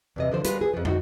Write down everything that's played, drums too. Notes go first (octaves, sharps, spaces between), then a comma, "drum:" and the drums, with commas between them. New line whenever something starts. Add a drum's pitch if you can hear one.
E2 C3 D#5
D3 F3 C5
G3 G#3 B3 F4 A#4 B4, drum: hi-hat
G#4
F2 F3
D#4 E4 F#4, drum: tom